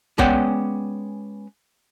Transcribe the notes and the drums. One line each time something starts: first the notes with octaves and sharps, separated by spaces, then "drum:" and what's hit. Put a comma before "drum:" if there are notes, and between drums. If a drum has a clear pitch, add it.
G#3 B3 C#4 D5 F#5 G5, drum: kick C2